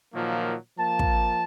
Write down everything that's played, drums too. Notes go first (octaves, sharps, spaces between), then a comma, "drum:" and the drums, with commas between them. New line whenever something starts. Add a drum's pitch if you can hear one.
A#2 D#3 F3 F#3 A#3
F3 A#3 A5
drum: kick